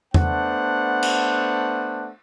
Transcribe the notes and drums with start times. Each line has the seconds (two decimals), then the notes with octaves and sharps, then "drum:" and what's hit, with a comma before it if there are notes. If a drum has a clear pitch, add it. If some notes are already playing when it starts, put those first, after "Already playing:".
0.14 A3 B3 D4 C5 F#5, drum: tom E2
1.03 drum: cymbal